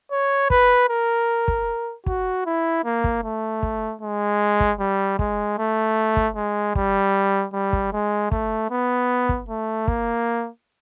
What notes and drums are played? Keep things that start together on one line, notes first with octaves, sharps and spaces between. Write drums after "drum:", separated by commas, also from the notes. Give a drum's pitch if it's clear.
C#5
B4, drum: kick
A#4
drum: kick
F#4, drum: kick
E4
A#3
drum: kick
A3
drum: kick
G#3
drum: kick
G3
G#3, drum: kick
A3
drum: kick
G#3
G3, drum: kick
G3
drum: kick
G#3
A3, drum: kick
B3
drum: kick
A3
A#3, drum: kick